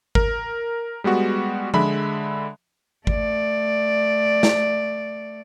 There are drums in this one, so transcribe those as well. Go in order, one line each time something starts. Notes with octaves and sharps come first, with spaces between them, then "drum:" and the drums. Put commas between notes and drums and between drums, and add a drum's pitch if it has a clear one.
A#4, drum: kick G#1
G3 G#3 B3 F#4
D3 G#3 E5 B5, drum: tom F3
A3 D5, drum: kick G#1
drum: snare